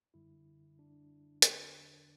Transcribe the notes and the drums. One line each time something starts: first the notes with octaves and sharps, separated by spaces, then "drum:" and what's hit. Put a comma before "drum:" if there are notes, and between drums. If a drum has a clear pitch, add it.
F#2 D3 G3 E4
D4
E2 D3 F#3, drum: hi-hat